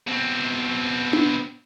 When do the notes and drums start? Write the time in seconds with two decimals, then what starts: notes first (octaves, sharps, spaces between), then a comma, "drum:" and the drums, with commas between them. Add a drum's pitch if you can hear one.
0.07 B2 C4
1.13 drum: tom D4